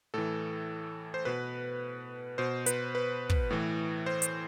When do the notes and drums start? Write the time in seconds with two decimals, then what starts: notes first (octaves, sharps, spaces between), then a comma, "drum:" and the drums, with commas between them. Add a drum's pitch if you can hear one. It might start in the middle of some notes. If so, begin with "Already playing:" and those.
0.14 A2 E3 A4
1.14 C5
1.25 B2 B4
2.38 B2 C5
2.66 B4, drum: hi-hat
2.95 B4
3.30 drum: kick
3.50 A2 E3
4.06 C5
4.22 drum: hi-hat